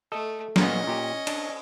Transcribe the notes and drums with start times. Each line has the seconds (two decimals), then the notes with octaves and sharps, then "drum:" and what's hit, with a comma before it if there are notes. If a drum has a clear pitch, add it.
0.12 A3 A4 D#5
0.56 A#2 A#3 B3 C#4 D#5, drum: snare
0.87 A#2 G4
1.27 D4, drum: cymbal